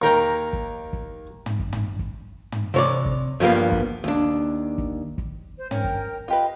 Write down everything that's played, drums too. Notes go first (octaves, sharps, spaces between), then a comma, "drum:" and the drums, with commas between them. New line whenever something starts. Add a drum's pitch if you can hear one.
D#2 A#4 G5 A#5
drum: kick
drum: kick
drum: tom
drum: kick
drum: tom
drum: kick
drum: tom
C3 C#5 D5
drum: kick
G2 F3 G3 A#3 B3
drum: kick
D#2 D4
drum: kick
drum: kick
C5
C#4 A#4 G5, drum: tom
drum: kick
F4 G4 B4 D#5